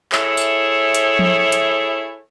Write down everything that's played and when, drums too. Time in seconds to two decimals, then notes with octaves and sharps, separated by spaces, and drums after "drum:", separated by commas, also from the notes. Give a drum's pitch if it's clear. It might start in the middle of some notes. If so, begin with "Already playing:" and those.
0.12 E4 G#4 A4 C#5 E5, drum: clap
0.37 drum: tambourine
0.94 drum: hi-hat
1.19 drum: tom F3
1.52 drum: hi-hat